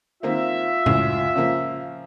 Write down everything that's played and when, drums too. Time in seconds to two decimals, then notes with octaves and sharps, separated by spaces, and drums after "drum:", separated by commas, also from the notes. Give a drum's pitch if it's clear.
0.23 D#3 A#3 C4 F4 E5
0.86 C#2 F#2 A2, drum: tom A2
1.36 C#3 F3 A#3